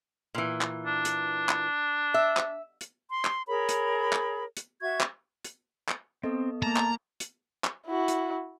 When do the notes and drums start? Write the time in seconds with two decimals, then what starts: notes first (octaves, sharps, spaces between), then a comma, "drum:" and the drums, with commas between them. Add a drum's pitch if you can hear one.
0.35 A#2 E3
0.61 drum: clap
0.86 D4
1.05 drum: hi-hat
1.49 drum: clap
2.14 E5
2.37 drum: clap
2.81 drum: hi-hat
3.10 C6
3.25 drum: clap
3.47 G#4 A#4 C#5 B5
3.69 drum: hi-hat
4.13 drum: clap
4.57 drum: hi-hat
4.81 F#4 E5 C#6 G#6
5.01 drum: clap
5.44 drum: hi-hat
5.88 drum: clap
6.23 B3 C4 A4 D#5
6.62 A#3 A5 A#5
6.76 drum: clap
7.20 drum: hi-hat
7.64 drum: clap
7.86 E4 F#4
8.08 drum: hi-hat